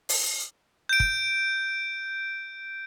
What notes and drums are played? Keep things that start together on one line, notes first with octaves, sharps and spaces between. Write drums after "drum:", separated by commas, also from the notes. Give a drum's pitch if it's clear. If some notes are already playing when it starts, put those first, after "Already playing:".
drum: open hi-hat
G6 D7
drum: kick